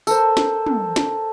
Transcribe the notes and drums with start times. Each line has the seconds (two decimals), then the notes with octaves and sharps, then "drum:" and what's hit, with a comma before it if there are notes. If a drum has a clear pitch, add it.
0.07 A4 A#4 C5, drum: tambourine
0.37 drum: snare
0.66 drum: tom
0.96 drum: snare